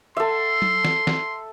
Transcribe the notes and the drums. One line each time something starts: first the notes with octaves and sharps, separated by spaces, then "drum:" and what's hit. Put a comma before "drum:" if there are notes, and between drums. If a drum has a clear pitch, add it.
A4 E5 C6
drum: tom F#3
drum: snare
drum: snare